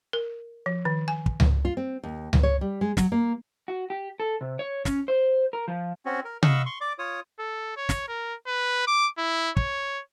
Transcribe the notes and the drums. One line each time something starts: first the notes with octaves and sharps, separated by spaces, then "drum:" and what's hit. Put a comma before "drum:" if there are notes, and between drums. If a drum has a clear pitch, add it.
A#4
F3
D#3
G#5
drum: kick
drum: tom C#2
F4
C4
D#2
drum: tom C#2
C#5
G3
G#3
F#3, drum: snare
A#3
F#4
G4
A4
C3
C#5
C#4, drum: snare
C5
A#4
F3
C4 C#4 F#4
A#4
D#5 F5 F#5 B5 C#6 E6, drum: tom C3
C6 C#6
D5 D6
F4 C#5 D#6
A4
C#5
drum: snare
A#4
B4
D6
E4
C#5, drum: kick